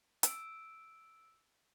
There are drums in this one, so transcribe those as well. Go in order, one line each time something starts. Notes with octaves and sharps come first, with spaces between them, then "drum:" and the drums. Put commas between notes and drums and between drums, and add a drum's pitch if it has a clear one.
E6 D7, drum: hi-hat